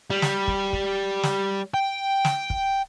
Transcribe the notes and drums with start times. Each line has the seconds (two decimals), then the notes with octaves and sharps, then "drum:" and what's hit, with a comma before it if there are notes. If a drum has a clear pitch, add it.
0.11 G3
0.22 drum: snare
0.48 drum: kick
0.73 drum: kick
1.23 drum: snare
1.74 G5
2.25 drum: snare
2.50 drum: kick